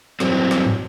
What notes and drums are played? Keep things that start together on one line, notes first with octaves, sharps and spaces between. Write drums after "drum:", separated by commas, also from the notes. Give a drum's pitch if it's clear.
G2 E3 F#3 C4, drum: snare
drum: snare
drum: tom